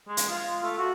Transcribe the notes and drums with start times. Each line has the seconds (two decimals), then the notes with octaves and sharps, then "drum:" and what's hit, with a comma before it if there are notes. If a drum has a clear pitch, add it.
0.08 G#3
0.17 drum: hi-hat
0.29 F4
0.63 A3
0.78 F#4